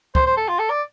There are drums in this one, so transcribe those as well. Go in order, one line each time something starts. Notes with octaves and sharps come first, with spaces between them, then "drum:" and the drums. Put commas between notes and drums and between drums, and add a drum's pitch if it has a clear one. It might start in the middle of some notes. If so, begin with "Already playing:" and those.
C5, drum: kick
C5
A4
F4
A4
D5